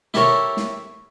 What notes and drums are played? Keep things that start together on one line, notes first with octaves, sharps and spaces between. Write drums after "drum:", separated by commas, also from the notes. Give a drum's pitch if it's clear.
E4 G4 A4 A#4 C#5, drum: snare
drum: snare